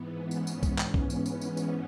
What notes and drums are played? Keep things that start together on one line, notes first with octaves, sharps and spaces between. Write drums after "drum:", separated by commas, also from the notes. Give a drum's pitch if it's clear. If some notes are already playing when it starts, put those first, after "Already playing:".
Already playing: G#2 E3 B3
C#4, drum: tambourine
drum: tambourine
drum: kick B1, tambourine
B3, drum: clap
drum: kick B1
drum: tambourine
drum: tambourine
drum: tambourine
drum: tambourine